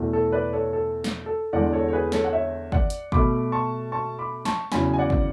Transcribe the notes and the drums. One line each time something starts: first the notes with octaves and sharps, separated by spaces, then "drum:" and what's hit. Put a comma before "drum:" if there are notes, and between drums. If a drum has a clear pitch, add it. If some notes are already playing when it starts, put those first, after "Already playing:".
Already playing: E2 B2 A3
A4
B4 D5
A4 C#5
A4
drum: snare
A4
E2 D3 G#3 D5 F#5
A4 C#5
C#5
G#4 B4
A4 C#5, drum: snare
F#5
C#5 E5
D5 F#5, drum: kick
drum: hi-hat
B2 A3 B5 D6, drum: kick
A5 C#6
A5 C#6
B5 D6
A5 C#6, drum: snare
E2 C#3 F#3 G#5 B5, drum: snare
G#5
D5 F#5
drum: kick